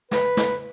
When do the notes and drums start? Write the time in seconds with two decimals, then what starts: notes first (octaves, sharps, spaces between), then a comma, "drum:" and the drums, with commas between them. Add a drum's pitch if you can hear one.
0.11 B4, drum: snare
0.37 drum: snare